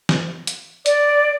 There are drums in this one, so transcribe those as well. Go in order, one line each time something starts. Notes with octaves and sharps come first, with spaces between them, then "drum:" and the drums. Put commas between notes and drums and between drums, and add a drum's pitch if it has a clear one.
drum: snare
drum: hi-hat
D5, drum: hi-hat